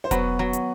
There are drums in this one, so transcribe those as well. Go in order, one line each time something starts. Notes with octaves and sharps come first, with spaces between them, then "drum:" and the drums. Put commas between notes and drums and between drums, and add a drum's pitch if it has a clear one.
C5
F#3 B3 B4, drum: kick E1, hi-hat
F#3
drum: hi-hat